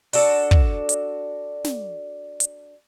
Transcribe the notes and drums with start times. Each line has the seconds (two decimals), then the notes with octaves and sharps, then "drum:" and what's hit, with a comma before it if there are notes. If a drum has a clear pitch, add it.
0.13 D4 F#4 A4, drum: open hi-hat
0.51 drum: kick
0.89 drum: hi-hat
1.64 drum: snare
2.40 drum: hi-hat